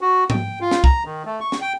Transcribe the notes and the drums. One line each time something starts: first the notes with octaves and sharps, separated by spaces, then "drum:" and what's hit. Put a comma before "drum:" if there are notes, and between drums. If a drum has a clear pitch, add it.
F#4
G5, drum: tom G#2
F4
drum: snare
A#5, drum: kick
D#3
A3
C#6
drum: snare
G5